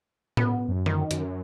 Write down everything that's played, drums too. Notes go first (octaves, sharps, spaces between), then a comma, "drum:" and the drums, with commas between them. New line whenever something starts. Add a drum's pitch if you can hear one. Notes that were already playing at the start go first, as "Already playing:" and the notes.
B3, drum: tom A2
F#2
D#3, drum: tom D3
F#2, drum: hi-hat